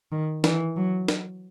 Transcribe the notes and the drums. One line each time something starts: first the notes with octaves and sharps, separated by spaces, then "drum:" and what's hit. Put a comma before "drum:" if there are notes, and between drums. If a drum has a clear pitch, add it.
D#3
E3, drum: snare
F#3
drum: snare